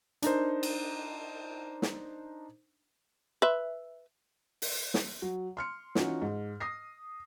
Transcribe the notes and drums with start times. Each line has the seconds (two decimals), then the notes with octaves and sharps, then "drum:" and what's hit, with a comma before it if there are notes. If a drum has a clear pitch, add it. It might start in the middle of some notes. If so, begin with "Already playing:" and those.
0.22 D4 D#4 A#4 C5, drum: hi-hat
0.63 drum: cymbal
1.82 drum: snare
3.42 B4 E5
4.62 drum: open hi-hat
4.94 drum: snare
5.22 F#3
5.57 C6 F6 C#7
5.95 E3 C#4 D#4 F4 F#4, drum: snare
6.22 G#2
6.60 D#6 A#6 C7